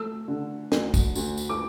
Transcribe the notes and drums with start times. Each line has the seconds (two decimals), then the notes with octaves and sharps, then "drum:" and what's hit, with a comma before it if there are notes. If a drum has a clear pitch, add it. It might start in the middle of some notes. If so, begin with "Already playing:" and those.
Already playing: A3 E6
0.28 D3
0.72 D2, drum: snare
0.94 drum: kick, tambourine
1.15 D2, drum: tambourine
1.38 drum: tambourine
1.49 D6